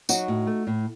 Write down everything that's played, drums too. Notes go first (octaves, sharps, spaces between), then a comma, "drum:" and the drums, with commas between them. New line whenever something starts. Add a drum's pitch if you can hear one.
F#3 D#4 F#4, drum: tambourine
A2
A3
A2